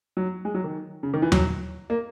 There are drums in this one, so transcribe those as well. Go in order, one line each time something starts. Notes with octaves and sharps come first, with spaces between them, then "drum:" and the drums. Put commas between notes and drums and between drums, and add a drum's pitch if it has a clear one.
F#3
G#3
F#3
D#3
C#3
D#3
E3
F#3, drum: tom D#2
A#3